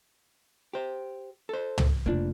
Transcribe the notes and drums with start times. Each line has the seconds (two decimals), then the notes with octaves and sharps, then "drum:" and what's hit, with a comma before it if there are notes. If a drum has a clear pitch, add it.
0.73 G4 C5
1.49 A4 C5
1.78 drum: tom
2.06 F1 A#3 D4 F4